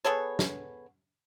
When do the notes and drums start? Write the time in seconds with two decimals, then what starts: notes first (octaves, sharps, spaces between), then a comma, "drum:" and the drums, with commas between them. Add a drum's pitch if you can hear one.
0.04 B3 G#4 A4 C#5
0.39 drum: snare